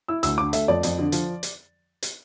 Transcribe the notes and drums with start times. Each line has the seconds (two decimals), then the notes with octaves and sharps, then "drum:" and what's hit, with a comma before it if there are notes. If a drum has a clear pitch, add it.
0.08 E4 E6
0.23 D2 E6, drum: hi-hat
0.38 D3 D6
0.53 A3 E5, drum: hi-hat
0.68 F2 D5
0.83 F2, drum: hi-hat
0.99 D3
1.12 F3, drum: hi-hat
1.43 drum: hi-hat
2.03 drum: hi-hat